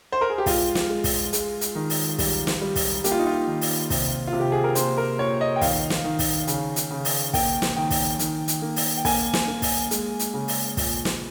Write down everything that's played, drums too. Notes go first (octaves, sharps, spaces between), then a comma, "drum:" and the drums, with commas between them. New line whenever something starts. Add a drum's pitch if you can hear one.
C5
A#4
G#4
G4
G#3 F4, drum: kick, open hi-hat
drum: snare
G#3
drum: kick, open hi-hat
G#3, drum: hi-hat
drum: hi-hat
D#3
drum: open hi-hat
G3, drum: kick, open hi-hat
drum: snare
G3
drum: kick, open hi-hat
A#3 G4, drum: hi-hat
F4
D#4
F4
D#3
drum: open hi-hat
C3, drum: kick, open hi-hat
F4
C3
G4
G#4
A#4
A#3 C5, drum: hi-hat
A#4
A#2 C#5
D#5
G5
D#3 F5, drum: kick, open hi-hat
drum: snare
D#3
drum: kick, open hi-hat
C#3, drum: hi-hat
drum: hi-hat
C#3
drum: open hi-hat
A#3 G5, drum: kick, open hi-hat
drum: snare
D#3 G5
drum: kick, open hi-hat
D#3, drum: hi-hat
drum: hi-hat
A#3
drum: open hi-hat
G5
A#3 G#5, drum: kick, open hi-hat
drum: snare
A#3
drum: kick, open hi-hat
G#3, drum: hi-hat
drum: hi-hat
C#3
drum: open hi-hat
A#2, drum: kick, open hi-hat
drum: snare